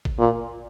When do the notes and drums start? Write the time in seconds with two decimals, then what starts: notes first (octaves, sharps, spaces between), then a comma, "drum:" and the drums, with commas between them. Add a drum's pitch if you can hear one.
0.05 drum: kick G#1
0.19 A#2